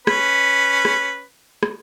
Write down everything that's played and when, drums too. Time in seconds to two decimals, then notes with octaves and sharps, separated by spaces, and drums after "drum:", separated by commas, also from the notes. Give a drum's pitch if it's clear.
0.07 C#4 B4, drum: rim click
0.85 drum: rim click
1.63 drum: rim click